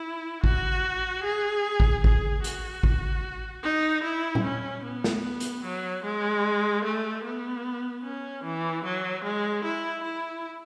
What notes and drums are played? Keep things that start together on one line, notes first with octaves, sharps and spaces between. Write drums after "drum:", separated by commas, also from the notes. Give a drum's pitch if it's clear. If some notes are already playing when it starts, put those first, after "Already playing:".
Already playing: E4
F#4, drum: kick G#1
G#4
drum: kick G#1
G#4, drum: kick G#1
F#4, drum: hi-hat
drum: kick G#1
D#4
E4
drum: tom
C#4
B3
drum: snare
drum: hi-hat
F#3
G#3
A3
B3
C#4
E3
F#3
G#3
E4
E4